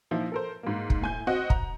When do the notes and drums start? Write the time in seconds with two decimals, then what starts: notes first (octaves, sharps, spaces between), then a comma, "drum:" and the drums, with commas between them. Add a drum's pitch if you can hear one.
0.11 A#2 F3 D#4 E4
0.32 A4 A#4 C5
0.63 G#2 A#3
0.90 drum: kick
1.02 A2 G#5 G6
1.27 C4 F#4 D#5 F#5
1.50 A#5, drum: kick